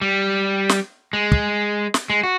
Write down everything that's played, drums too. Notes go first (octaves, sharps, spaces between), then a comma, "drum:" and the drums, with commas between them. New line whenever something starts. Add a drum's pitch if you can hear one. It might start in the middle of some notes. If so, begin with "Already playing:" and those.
G3
drum: snare
G#3
drum: kick
drum: snare
G#3
F#4